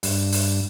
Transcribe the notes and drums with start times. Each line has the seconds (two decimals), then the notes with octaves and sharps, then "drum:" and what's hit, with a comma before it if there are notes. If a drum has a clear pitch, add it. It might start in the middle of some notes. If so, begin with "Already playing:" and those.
0.03 G2, drum: open hi-hat
0.32 drum: open hi-hat